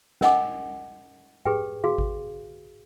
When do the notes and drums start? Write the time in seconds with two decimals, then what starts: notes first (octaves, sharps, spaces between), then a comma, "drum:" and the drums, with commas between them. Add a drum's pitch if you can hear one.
0.21 C#4 A#4 D#5 F#5 G#5 D6, drum: snare
1.45 G4 G#4 B4 G5, drum: tom G#2
1.84 F#4 G#4 F5, drum: tom
1.98 drum: kick G#1